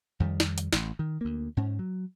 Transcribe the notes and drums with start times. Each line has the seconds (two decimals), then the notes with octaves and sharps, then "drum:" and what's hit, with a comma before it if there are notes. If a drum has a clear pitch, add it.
0.20 F2 D#3 G3
0.40 drum: snare
0.58 drum: hi-hat
0.73 A1, drum: snare
0.99 D#3
1.21 D2 A#3
1.57 G#2 C#4
1.79 F#3